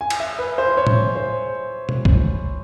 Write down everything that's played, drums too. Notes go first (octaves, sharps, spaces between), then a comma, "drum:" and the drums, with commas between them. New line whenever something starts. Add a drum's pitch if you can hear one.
G#5
drum: cymbal
E5
B4
C5
C#5
drum: tom A2
C5
drum: tom B2
drum: kick